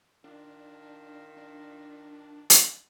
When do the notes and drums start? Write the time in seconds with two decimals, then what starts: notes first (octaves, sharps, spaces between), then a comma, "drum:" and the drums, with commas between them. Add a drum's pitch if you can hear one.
0.24 D#3 D4 F4
1.37 D4
2.50 drum: hi-hat